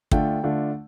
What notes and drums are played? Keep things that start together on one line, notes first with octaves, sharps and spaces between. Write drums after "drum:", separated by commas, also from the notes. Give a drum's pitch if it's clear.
D3 A3 D4 F4 G5, drum: kick
D3 A3 D4 F4